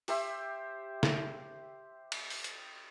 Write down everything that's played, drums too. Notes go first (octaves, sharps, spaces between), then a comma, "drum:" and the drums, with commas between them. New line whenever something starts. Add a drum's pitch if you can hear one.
G4 C5 E5, drum: open hi-hat
drum: snare
drum: cymbal
drum: open hi-hat
drum: hi-hat